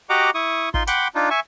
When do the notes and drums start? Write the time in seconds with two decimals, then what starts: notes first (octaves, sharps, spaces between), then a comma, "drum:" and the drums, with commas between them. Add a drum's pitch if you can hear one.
0.10 F#4 G4 D#5 F#5 A#5 D6
0.34 E4 C#6 D#6
0.74 D#4 F4 C6, drum: kick
0.87 F#5 G5 B5 C6 D6, drum: hi-hat
1.15 D4 D#4 F4
1.30 E5 G#5 C#6